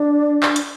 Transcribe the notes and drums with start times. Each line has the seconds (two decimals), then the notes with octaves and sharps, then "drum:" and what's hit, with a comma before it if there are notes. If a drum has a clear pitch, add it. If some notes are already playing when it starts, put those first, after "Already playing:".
Already playing: D4
0.43 drum: clap
0.56 drum: hi-hat